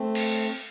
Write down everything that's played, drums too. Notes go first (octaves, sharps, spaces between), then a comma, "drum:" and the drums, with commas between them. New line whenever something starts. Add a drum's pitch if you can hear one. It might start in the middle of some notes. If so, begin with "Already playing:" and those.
Already playing: A3 C4
drum: cymbal